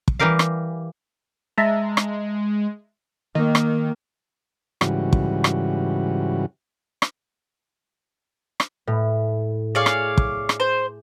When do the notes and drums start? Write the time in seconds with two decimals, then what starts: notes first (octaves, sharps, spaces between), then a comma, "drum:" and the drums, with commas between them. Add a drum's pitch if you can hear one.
0.08 drum: kick
0.19 E3 G3 G4 A#4 F5
0.39 drum: rim click
1.58 G#3 E5 A5 A#5
1.97 drum: rim click
3.35 D#3 A#3 D#5
3.55 drum: rim click
4.81 G#2 C#3 E3 G3 F#4, drum: rim click
5.13 drum: kick
5.44 drum: rim click
7.02 drum: rim click
8.60 drum: rim click
8.87 A2
9.75 G#4 C#5 D5 F5
9.86 drum: rim click
10.18 drum: kick
10.49 drum: rim click
10.60 C5